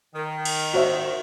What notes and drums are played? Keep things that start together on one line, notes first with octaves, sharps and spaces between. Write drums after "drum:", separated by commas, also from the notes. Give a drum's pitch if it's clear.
D#3
drum: cymbal
F#4 C5 E5